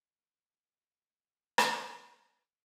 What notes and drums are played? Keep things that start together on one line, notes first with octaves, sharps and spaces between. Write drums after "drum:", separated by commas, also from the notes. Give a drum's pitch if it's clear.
A2 C3 E3 A3
drum: rim click